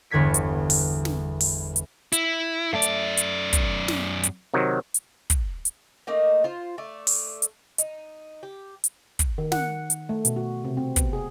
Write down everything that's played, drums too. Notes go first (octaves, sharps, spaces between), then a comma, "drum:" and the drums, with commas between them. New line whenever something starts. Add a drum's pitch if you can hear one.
G1 E2 D3 G#6 B6 C#7
drum: hi-hat
drum: open hi-hat
drum: snare
drum: open hi-hat
drum: hi-hat
E4, drum: hi-hat
F#2 A3 D5
drum: hi-hat
drum: hi-hat
drum: kick, hi-hat
drum: snare
drum: hi-hat
C3 D#3 F#3
drum: hi-hat
drum: kick, hi-hat
drum: hi-hat
A3 A#3 D#4 D#5
F4 C5
A3 D5
drum: open hi-hat
drum: hi-hat
D#4, drum: hi-hat
G4
drum: hi-hat
drum: kick, hi-hat
D#3
F#5, drum: snare
drum: hi-hat
A3
B2, drum: hi-hat
F#4
C3
C4
B3, drum: kick, hi-hat
G#4